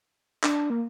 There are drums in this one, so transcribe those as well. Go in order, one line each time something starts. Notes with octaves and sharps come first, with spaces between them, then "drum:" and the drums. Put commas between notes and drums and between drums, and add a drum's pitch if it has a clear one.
D4, drum: clap
A#3